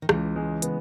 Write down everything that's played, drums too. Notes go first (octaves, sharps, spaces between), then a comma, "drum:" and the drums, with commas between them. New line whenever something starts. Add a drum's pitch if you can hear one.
D#3
C#2 C#3 E3, drum: rim click
G#3
B3, drum: hi-hat